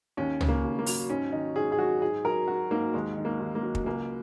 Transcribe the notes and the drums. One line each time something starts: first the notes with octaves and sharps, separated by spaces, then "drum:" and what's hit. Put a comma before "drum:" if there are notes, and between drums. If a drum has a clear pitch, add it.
D#2 C#4
C#3, drum: tom
A#3
D#2
A#3
F#3, drum: open hi-hat
G#2 C#4
D#3 D#4
G#2 G#4
G#4
F#3 F#4
G#2 G#4
F#3 A#4
F#3 F#4
G#2 A#3
D#2 G#3
D#3
A#3
D#2
A#3
F#3
drum: kick
C#2 A#3